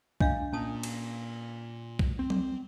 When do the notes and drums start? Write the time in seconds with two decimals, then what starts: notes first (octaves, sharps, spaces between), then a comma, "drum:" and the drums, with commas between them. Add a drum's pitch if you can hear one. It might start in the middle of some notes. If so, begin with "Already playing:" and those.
0.21 D4 D#5 F5, drum: kick B1
0.53 A#2 C#4 A5 D#6
0.83 drum: cymbal
1.99 drum: kick B1
2.19 C4
2.30 drum: tom F#3